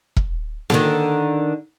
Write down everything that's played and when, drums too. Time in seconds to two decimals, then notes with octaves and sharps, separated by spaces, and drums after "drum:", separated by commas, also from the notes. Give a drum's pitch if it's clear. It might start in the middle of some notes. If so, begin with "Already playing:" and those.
0.16 drum: kick E1
0.70 D3 D#3, drum: snare A#3